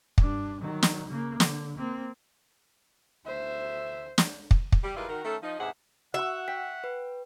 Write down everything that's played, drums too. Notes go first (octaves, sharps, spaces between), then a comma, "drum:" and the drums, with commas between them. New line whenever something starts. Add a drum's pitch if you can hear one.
G2 D4, drum: kick
D#3 F#3
drum: snare
C#3 A#3
D3, drum: snare
A#3 C4
D2 C5 E5
drum: snare
drum: kick
drum: kick
G3
G3 G#3 E4 F4 A#4 B4
D#3 F#4 A#4
D#3 A3 C#4 A4
F3 D#4
E2 G#2 C3 G#4 E5 F#5
F#4 E5 F#5 C#6
G5 B6
B4